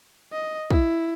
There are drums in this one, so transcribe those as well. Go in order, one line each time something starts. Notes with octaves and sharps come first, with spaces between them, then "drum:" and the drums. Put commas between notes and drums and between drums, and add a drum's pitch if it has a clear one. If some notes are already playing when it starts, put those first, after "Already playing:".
D#5
E4, drum: kick